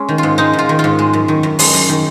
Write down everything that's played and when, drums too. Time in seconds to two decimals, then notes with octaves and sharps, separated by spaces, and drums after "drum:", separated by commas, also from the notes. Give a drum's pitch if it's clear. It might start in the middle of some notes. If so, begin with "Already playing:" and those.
Already playing: G#3 C#4
0.09 D#3
0.18 F4
0.23 G#2
0.38 G#3 D#4
0.53 G#2
0.59 F4
0.69 D#3
0.79 F4
0.84 G#2
0.99 G#3
1.13 F#2
1.28 D#3
1.43 F#2
1.59 G#3, drum: open hi-hat
1.74 F#2
1.89 D#3